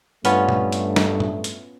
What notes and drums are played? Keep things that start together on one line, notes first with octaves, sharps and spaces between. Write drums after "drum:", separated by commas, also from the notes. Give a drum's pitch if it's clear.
G2 A3 B3 C#4 F4, drum: hi-hat
drum: tom A#2
drum: hi-hat
drum: snare
drum: tom A2
drum: hi-hat